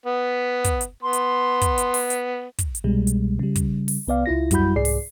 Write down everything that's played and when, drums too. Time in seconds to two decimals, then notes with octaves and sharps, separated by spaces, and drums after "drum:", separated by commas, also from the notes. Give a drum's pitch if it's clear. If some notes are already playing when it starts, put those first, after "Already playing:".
0.06 B3
0.64 drum: kick, hi-hat
0.81 drum: hi-hat
1.03 B3 C6
1.13 drum: hi-hat
1.61 drum: kick, hi-hat
1.78 drum: hi-hat
1.94 drum: open hi-hat
2.10 drum: hi-hat
2.59 drum: kick, hi-hat
2.75 drum: hi-hat
2.84 C2 B2 G3 G#3
3.07 drum: hi-hat
3.39 C#3 G3
3.56 drum: kick, hi-hat
3.88 drum: open hi-hat
4.07 C2 B3 D5 F5
4.26 C#2 E4 F4 A#6
4.51 F#2 G3 E4 F#4 B5 G6, drum: kick, hi-hat
4.76 C2 G#2 G#4 D5 C7
4.85 drum: open hi-hat